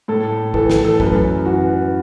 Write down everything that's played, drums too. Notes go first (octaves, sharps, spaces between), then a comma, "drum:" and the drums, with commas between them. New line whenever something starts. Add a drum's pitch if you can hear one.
A2 A4
A2
E3 A4, drum: kick
A4, drum: snare
E3
A4
F#2 B4, drum: kick
F#2
E3 F#4
E3